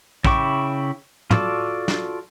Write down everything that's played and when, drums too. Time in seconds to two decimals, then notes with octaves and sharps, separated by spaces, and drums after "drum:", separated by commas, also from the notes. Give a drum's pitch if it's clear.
0.25 C#3 E4 G5 C#6 D6, drum: kick
1.31 F4 F#4 A4 D5, drum: tom
1.88 drum: snare